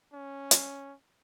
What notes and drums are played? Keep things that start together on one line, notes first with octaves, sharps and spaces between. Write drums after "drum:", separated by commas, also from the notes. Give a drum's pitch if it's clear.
C#4
drum: hi-hat